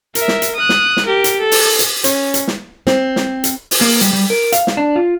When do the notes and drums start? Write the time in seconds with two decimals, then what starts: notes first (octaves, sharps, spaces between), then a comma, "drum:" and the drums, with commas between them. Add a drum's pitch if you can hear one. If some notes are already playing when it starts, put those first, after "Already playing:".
0.15 A#4 E5, drum: hi-hat
0.28 drum: snare
0.42 drum: hi-hat
0.55 D#6 F#6
0.69 drum: snare
0.97 drum: snare
1.06 G4 A#4
1.24 drum: hi-hat
1.39 A4
1.52 drum: open hi-hat
1.79 drum: hi-hat
2.04 C#4, drum: hi-hat
2.34 drum: hi-hat
2.48 drum: snare
2.87 C4, drum: snare
3.16 drum: snare
3.44 drum: hi-hat
3.71 drum: open hi-hat
3.81 A#3
4.01 G3, drum: hi-hat
4.13 G3
4.30 A#4
4.52 F5, drum: hi-hat
4.67 drum: snare
4.77 D4
4.96 F4